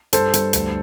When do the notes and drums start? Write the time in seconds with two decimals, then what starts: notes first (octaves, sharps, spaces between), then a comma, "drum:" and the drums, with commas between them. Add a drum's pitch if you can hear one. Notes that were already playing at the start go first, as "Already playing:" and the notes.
0.13 G2 A4 C5, drum: hi-hat
0.34 G2, drum: hi-hat
0.53 D2, drum: hi-hat